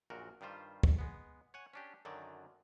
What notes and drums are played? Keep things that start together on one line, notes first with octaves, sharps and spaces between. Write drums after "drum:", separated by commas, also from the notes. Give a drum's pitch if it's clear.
A#1 F#2 A#2 F#4 A#4
G2 D#3 G3 F4 C5
drum: kick
G#3 B3
C#5 F#5 G#5
C#4 D4 G4
F#2 D3 D#3 F#3 D5